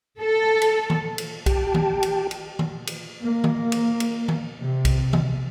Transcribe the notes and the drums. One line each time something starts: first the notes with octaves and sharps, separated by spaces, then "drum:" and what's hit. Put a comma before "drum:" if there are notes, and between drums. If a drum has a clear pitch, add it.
A4
drum: cymbal
drum: tom D#3
drum: cymbal
G4 G5 A5, drum: kick B1, cymbal
drum: tom D#3
drum: cymbal
drum: cymbal
drum: tom D#3
drum: cymbal
A#3
drum: tom D#3
drum: cymbal
drum: cymbal
drum: tom D#3
C3
drum: kick B1, cymbal
drum: tom D#3